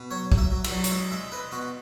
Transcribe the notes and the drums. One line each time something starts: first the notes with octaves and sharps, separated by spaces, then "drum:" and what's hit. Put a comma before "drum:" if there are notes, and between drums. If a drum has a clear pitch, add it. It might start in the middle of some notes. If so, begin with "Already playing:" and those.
Already playing: B2
F#3 C#5
F#3, drum: kick B1
E5
F#3
E5, drum: cymbal
F#3
C#5, drum: hi-hat
G#3 E5
G#3 E5
G#3 B4
B2 F#4